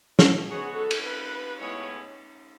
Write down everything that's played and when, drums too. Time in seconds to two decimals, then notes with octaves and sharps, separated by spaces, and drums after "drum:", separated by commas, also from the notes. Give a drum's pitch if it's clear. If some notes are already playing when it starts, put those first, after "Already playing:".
0.19 E4, drum: snare
0.47 G#2 F#3 B3 F#4 G#4 C#5
0.75 A4
0.91 drum: cymbal
1.04 B4
1.59 A2 G#3 B3 E4 G#4 C#5